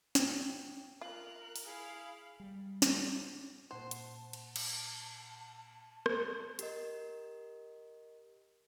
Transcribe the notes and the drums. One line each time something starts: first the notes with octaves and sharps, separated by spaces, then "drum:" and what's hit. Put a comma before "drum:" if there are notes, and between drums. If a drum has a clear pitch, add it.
G5, drum: snare
F4 A#4 F#6
drum: open hi-hat
E4 G#4 F5
G3
drum: snare
A#2 C5 F#5 A5
drum: hi-hat
drum: cymbal
drum: cymbal
drum: rim click
G4 A#4 D#5, drum: hi-hat